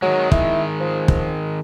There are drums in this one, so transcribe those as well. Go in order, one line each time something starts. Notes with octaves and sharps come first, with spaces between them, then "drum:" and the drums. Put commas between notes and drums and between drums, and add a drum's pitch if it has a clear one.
D#3 F#3 G#3
E4, drum: kick
F3
drum: kick